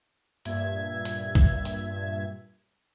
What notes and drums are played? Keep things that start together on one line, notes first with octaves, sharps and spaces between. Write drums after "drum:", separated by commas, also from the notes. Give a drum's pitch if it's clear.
G2 A#2 E5 G#6, drum: hi-hat
drum: hi-hat
drum: kick
drum: hi-hat